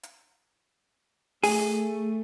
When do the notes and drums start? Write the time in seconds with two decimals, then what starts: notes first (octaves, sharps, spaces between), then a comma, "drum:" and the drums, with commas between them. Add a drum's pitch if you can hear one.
0.03 drum: hi-hat
1.44 A3 G#4, drum: open hi-hat